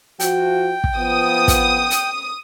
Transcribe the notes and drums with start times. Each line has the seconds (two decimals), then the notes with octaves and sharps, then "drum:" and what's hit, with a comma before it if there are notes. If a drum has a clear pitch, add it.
0.20 F3 F#4 G5, drum: hi-hat
0.84 drum: kick
0.97 F3 B3 D#6
1.48 drum: kick, hi-hat
1.90 drum: hi-hat